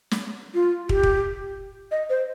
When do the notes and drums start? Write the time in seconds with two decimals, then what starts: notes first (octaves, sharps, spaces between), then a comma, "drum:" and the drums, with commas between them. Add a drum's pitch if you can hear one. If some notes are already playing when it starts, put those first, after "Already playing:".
0.11 drum: snare
0.54 F4
0.89 G4, drum: kick
1.03 drum: kick
1.91 D#5
2.10 C5